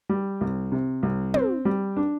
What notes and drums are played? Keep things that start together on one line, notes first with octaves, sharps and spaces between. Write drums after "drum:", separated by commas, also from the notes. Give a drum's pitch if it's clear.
G3
C2
C3
C2
C4, drum: tom
G3
D4